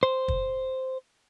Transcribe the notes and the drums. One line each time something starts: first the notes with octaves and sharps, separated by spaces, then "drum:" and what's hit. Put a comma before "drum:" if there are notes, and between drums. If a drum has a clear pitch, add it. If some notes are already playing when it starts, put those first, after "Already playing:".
C5
drum: kick